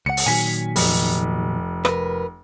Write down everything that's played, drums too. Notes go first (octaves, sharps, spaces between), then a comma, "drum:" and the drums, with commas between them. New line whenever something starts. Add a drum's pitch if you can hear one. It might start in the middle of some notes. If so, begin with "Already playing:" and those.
C#2 F#5 C#7
drum: open hi-hat
A#2 D#3 F#3 G#5 B6
F1, drum: open hi-hat
A#4 B4, drum: rim click